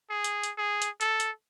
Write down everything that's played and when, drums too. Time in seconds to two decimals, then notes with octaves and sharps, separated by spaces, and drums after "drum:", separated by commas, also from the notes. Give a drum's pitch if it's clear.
0.10 G#4
0.24 drum: hi-hat
0.43 drum: hi-hat
0.58 G#4
0.82 drum: hi-hat
1.01 A4, drum: hi-hat
1.20 drum: hi-hat